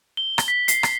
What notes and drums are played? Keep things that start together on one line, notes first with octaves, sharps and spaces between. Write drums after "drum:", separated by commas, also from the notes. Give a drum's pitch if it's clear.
G7
drum: rim click
B6
C7, drum: hi-hat
drum: rim click